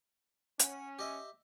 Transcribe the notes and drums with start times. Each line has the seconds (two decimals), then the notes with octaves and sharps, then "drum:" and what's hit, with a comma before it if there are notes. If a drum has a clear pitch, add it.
0.60 C#4 F#5, drum: hi-hat
0.99 G4 D#5 E5